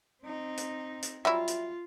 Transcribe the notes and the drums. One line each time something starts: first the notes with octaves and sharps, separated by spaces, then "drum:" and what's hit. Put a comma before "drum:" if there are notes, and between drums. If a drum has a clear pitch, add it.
C4 D#4
drum: hi-hat
drum: hi-hat
F#3 G3 E4 F4 E5
drum: hi-hat